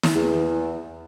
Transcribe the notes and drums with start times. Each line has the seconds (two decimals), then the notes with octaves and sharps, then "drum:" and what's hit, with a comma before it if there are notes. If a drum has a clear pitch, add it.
0.03 drum: snare
0.15 E2